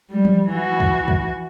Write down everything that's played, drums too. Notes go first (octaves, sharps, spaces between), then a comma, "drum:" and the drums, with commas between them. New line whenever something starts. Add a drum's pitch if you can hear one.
G3
drum: tom E3
E3 F#4
drum: kick
drum: kick